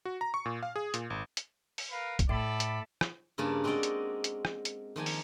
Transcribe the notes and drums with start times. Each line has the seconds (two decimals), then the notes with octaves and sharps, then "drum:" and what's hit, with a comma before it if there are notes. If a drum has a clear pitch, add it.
0.05 F#4
0.21 A#5
0.34 C#6
0.46 A#2
0.63 F5
0.76 G#4
0.94 A#2, drum: hi-hat
1.10 G#1
1.37 drum: hi-hat
1.78 drum: open hi-hat
1.90 A#4 B4 F5
2.19 drum: kick A#1, hi-hat
2.29 A2 A4 D5 B5
2.60 drum: hi-hat
3.01 drum: rim click
3.38 G2 C#3 A#3 D4 G#5 A5
3.64 G#3 C4 F#4 A#4 D5 D#5
3.83 drum: hi-hat
4.24 drum: hi-hat
4.45 drum: rim click
4.65 drum: hi-hat
4.96 D#3 F3 A#3 G#5
5.06 drum: open hi-hat